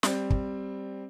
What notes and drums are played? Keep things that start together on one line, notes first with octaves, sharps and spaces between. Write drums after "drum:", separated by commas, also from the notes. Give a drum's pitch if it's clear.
G3 C4, drum: snare
drum: kick